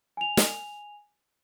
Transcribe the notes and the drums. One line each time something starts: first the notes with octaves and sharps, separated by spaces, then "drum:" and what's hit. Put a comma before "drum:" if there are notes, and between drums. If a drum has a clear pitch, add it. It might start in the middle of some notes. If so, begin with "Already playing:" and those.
G#5 F7
drum: snare